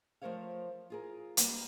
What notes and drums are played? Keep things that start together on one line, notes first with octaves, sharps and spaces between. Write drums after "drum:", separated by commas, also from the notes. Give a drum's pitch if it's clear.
F3 A3 A#4 C5 C#5 F5
F4 G#4 A#4
G3 A#3 B4, drum: hi-hat